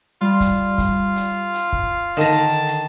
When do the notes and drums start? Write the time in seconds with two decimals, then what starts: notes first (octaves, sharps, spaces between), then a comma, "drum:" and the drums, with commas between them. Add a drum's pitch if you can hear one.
0.21 G3 F4
0.40 drum: kick, hi-hat
0.78 drum: kick, hi-hat
1.16 drum: hi-hat
1.54 drum: hi-hat
1.72 drum: kick
2.17 D3 D#3 A5 A#5
2.29 drum: hi-hat
2.67 drum: hi-hat